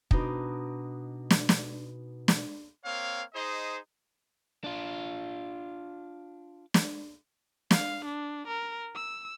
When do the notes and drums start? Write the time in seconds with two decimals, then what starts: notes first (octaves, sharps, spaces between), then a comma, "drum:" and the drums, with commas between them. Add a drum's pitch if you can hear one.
0.11 B2 D4 D#4, drum: kick
1.31 drum: snare
1.49 drum: snare
2.28 drum: snare
2.83 A#3 C4 C#5 F5
3.34 D#4 G#4 C5 D#5
4.64 D4 F4
6.74 drum: snare
7.71 F5, drum: snare
8.05 D4
8.47 A#4
8.95 E6